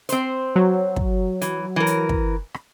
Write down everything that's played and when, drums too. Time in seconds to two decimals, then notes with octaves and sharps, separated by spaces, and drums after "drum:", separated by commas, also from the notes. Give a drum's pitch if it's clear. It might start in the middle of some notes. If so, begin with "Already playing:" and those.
0.09 C4 C5, drum: hi-hat
0.56 F#3
0.96 drum: kick
1.42 E3, drum: hi-hat
1.76 E3 A#4
1.87 drum: hi-hat
2.09 drum: kick
2.54 drum: rim click